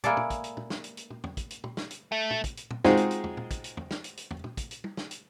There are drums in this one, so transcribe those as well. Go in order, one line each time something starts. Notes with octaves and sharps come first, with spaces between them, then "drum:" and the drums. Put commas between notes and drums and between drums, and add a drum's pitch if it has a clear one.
G#3 A#3 E4 G#4 A4 D5, drum: tom
drum: tom
drum: kick, hi-hat
drum: hi-hat
drum: tom
drum: snare
drum: hi-hat
drum: hi-hat
drum: tom
drum: tom
drum: kick, hi-hat
drum: hi-hat
drum: tom
drum: snare
drum: hi-hat
A3
drum: tom
drum: kick, hi-hat
drum: hi-hat
drum: tom
G#3 C4 D#4 F4 F#4 G#4, drum: snare
drum: hi-hat
drum: hi-hat
drum: tom
drum: tom
drum: kick, hi-hat
drum: hi-hat
drum: tom
drum: snare
drum: hi-hat
drum: hi-hat
drum: tom
drum: tom
drum: kick, hi-hat
drum: hi-hat
drum: tom
drum: snare
drum: hi-hat